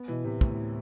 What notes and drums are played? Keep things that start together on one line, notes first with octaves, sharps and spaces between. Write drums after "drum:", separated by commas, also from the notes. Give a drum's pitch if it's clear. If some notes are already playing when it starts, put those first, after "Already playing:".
Already playing: B3
B2 E3
A2 C3
D2, drum: kick